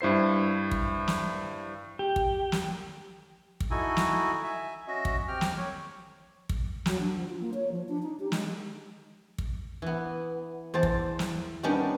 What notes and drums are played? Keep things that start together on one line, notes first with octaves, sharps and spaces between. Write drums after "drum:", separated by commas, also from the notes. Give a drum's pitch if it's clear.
G2 E4 C5 C7
drum: kick
drum: snare
G4
drum: kick
drum: snare
drum: kick
D#4 E4 F#4 A4 G#5
drum: snare
E5 G#5
C#4 F#4 D#5 E5
drum: kick
C4 G4 G5 F6
drum: snare
C#5
drum: kick
F#3, drum: snare
D4
F3
F4
A#3
C#5
F3
D4
D#4
G4
G#3, drum: snare
drum: kick
E3 B3
E2 C5 D5 A5
drum: kick
drum: snare
D#3 G3 B3 C#4 D4